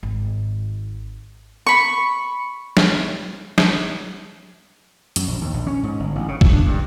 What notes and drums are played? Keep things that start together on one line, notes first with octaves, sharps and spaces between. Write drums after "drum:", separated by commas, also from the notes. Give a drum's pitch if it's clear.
G#1
B5 C#6
drum: snare
drum: snare
F#2, drum: hi-hat
A#1
D#2
A#1
C#4
G#2
G1
A1
C#3
A3, drum: kick
D4
G2